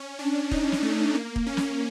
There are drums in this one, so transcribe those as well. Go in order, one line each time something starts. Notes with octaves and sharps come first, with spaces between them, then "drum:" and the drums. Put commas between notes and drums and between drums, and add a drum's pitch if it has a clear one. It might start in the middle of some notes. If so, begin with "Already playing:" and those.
Already playing: C#4
D4
D#4, drum: kick
drum: snare
A3
A#3
drum: kick
C#4
drum: snare